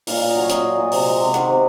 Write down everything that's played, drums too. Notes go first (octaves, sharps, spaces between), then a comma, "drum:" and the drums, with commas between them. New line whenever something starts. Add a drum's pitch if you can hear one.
A#2 F5, drum: open hi-hat
A#2 F5
D#5
F#3 C#5
F#3 D#5, drum: hi-hat
A#2
A#2
C3, drum: open hi-hat
G#3
C3
D#3 F#5, drum: hi-hat
C3